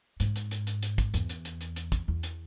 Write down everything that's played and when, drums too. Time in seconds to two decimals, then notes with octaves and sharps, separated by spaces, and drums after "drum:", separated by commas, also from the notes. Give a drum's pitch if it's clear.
0.20 G#2, drum: hi-hat
0.36 drum: hi-hat
0.51 drum: hi-hat
0.67 drum: hi-hat
0.83 drum: hi-hat
0.98 drum: kick, hi-hat
1.14 E2, drum: hi-hat
1.29 drum: hi-hat
1.45 drum: hi-hat
1.61 drum: hi-hat
1.76 drum: hi-hat
1.92 drum: kick, hi-hat
2.08 E2
2.23 drum: hi-hat